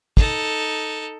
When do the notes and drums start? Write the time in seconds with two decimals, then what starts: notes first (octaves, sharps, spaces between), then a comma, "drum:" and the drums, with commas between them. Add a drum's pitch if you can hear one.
0.17 D#4 A4, drum: kick